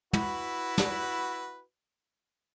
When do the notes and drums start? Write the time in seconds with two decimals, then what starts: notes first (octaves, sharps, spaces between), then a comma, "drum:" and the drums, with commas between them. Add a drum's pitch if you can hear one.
0.13 E4 F#4 B4, drum: tom
0.78 drum: snare